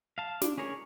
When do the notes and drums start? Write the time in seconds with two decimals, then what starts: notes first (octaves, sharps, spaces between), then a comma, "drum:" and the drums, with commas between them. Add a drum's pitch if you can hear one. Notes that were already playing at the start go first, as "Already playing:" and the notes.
0.18 F5 A5
0.42 D4, drum: snare
0.58 C#4 G#4 A#4 C#5